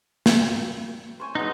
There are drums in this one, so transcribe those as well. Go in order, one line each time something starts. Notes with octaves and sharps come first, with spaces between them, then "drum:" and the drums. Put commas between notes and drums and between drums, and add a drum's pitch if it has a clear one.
drum: snare
C5 C#5 G#5
F#3 G#3 B3 D#4